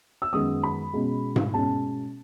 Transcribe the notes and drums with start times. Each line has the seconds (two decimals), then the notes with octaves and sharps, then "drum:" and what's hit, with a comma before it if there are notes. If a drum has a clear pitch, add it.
0.22 E6
0.33 F#2 D#3 G#3 B3 D#6
0.63 B5
0.93 B2 G#3 C#4
1.36 drum: tom G#2
1.53 B2 G#3 C#4 A5